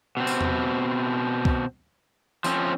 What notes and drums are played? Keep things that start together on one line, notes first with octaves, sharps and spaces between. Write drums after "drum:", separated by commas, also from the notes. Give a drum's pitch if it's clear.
B2 C4
drum: tambourine
drum: tom E2
drum: kick C2
F3 C4 C#4, drum: tambourine